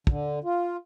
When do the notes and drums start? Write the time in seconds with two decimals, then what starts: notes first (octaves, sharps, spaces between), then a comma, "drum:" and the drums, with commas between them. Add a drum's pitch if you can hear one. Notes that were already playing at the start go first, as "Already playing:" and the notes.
0.07 D3, drum: kick
0.44 F4